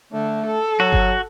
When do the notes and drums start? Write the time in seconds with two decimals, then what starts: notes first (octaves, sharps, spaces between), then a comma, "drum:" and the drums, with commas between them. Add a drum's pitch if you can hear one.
0.12 D3 A3
0.46 A4
0.80 F#3 F#4
0.93 drum: kick G1